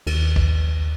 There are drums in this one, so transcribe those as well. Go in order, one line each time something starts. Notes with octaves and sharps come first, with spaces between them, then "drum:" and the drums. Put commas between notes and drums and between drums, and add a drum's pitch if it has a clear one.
D#2, drum: cymbal
drum: kick A#1